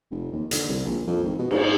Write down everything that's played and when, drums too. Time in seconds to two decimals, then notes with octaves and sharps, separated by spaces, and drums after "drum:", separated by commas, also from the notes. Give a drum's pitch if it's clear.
0.11 F1
0.32 D#2
0.51 D3, drum: hi-hat
0.69 C2
0.85 A#1
1.07 F2
1.24 G#1
1.39 B2
1.51 G#2, drum: cymbal